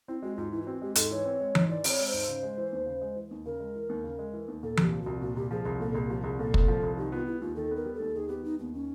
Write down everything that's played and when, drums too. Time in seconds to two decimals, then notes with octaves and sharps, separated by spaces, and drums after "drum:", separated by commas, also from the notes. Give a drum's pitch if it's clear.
0.08 C4 E4
0.22 G#3 F#4
0.37 G#2 F4
0.52 E3 E4
0.62 F4
0.67 C4 F#4
0.82 G#3 G4
0.96 G#2 A4, drum: hi-hat
1.11 E3 C#5
1.25 C4
1.40 G#3
1.55 G#2, drum: tom E3
1.69 E3 D5
1.84 C4 C#5, drum: open hi-hat
1.99 G#3
2.08 C5
2.13 G#2
2.28 C#3
2.43 G#3
2.58 E3
2.72 D#2
2.86 C#3
3.01 G#3
3.16 E3
3.31 D#2
3.46 C#3 A#4
3.60 G#3
3.75 E3
3.89 D#2
4.04 C#3
4.19 G#3
4.34 E3
4.48 D#2
4.63 A#2 A4
4.77 C2 G4, drum: tom E3
4.92 F3
5.02 C2 F#4
5.21 A#2 F#4
5.36 C2 G4
5.51 F3 G#4
5.65 C2 G#4
5.80 A#2 A4
5.95 C2 G#4
6.09 F3 G4
6.24 C2 G#4
6.39 A#2 A4
6.54 C2, drum: kick
6.68 F3
6.83 C2
6.97 D#3 G4
7.12 B3 F4
7.26 G3 E4
7.41 D#2 F4
7.56 D#3 A4
7.71 B3 A#4
7.86 G3
7.95 A4
8.00 D#2
8.15 D#3 G#4
8.29 B3 G4
8.44 G3 D#4
8.59 D#2 B3
8.73 D#3 C#4